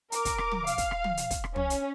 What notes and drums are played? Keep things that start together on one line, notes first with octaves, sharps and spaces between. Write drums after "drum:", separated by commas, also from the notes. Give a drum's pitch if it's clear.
A#4 D6, drum: hi-hat
drum: kick, hi-hat
drum: rim click
drum: tom
F5, drum: hi-hat
drum: kick, hi-hat
drum: rim click
drum: tom
drum: hi-hat
drum: kick, hi-hat
drum: rim click
C#4, drum: tom
drum: hi-hat